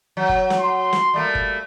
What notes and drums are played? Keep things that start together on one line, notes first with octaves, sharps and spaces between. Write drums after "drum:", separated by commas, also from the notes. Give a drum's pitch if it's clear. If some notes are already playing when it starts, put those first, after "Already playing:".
F#3
drum: kick G1
drum: snare
C6
drum: snare
G3 A3 A#3
drum: kick G1